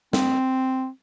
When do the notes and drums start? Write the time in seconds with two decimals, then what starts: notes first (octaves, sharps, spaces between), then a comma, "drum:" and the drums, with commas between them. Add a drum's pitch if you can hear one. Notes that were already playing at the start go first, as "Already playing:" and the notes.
0.13 C4, drum: snare